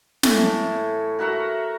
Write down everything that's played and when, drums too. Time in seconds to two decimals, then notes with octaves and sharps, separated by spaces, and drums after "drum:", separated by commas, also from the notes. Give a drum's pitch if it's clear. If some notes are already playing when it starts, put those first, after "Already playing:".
0.23 A2 E3 C#5 E5, drum: snare
1.19 F#4 A#4 E5 F#5